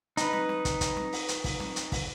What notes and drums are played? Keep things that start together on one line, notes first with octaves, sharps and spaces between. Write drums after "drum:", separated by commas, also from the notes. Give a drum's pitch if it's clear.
D#4 B4, drum: hi-hat
drum: snare
drum: snare
drum: kick, hi-hat
drum: kick, hi-hat
drum: snare
drum: open hi-hat
drum: hi-hat
drum: kick, open hi-hat
drum: snare
drum: hi-hat
drum: kick, open hi-hat